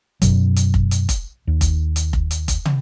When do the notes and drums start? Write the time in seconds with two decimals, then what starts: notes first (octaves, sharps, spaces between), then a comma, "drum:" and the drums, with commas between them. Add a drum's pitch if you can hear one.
0.22 F#2 B2 F#3, drum: kick F1, hi-hat
0.56 drum: hi-hat
0.74 drum: kick F1
0.91 drum: hi-hat
1.09 drum: kick F1, hi-hat
1.47 D#2
1.61 drum: kick F1, hi-hat
1.96 drum: hi-hat
2.13 drum: kick F1
2.31 drum: hi-hat
2.48 drum: kick F1, hi-hat
2.65 drum: tom